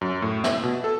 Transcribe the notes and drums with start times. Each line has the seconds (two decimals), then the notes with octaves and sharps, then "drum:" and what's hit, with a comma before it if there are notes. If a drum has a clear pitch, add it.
0.01 F#2
0.22 A2
0.44 E5, drum: snare
0.63 B2
0.84 A4